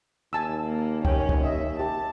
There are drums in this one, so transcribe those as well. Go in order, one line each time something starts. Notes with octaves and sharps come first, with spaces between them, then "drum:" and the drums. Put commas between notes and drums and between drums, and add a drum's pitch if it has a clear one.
D#2 G#5 A5 E6
A#3
C#4 G4 G5, drum: kick C2
drum: kick C2
D#5 E5
G4 A5